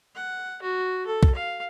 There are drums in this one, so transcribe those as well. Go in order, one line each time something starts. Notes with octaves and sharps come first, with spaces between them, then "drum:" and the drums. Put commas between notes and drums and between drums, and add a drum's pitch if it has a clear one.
F#5
F#4
A4
drum: kick
F5